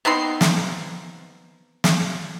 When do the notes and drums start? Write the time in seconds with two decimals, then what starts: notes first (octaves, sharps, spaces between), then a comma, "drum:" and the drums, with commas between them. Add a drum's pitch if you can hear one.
0.05 B3 C4 D#4 C6
0.41 drum: snare
1.84 drum: snare